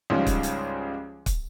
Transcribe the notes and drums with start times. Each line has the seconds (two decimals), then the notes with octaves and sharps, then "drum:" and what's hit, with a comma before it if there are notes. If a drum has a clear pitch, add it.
0.10 C#2 G#2 C#3 F3 G3 G#3
0.27 drum: kick, hi-hat
0.43 drum: hi-hat
1.26 drum: kick, hi-hat